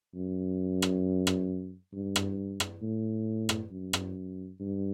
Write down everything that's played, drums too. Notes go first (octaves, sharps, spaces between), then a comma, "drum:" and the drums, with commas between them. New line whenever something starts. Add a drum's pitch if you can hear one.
F#2
drum: rim click
drum: rim click
G2
drum: rim click
drum: rim click
A2
drum: rim click
F#2
drum: rim click
G2